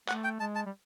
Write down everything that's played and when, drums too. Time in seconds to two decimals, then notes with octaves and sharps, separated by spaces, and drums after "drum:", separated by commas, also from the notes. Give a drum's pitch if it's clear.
0.08 A3 F#5, drum: clap
0.24 G5
0.40 G#3 A5
0.55 A5
0.66 G3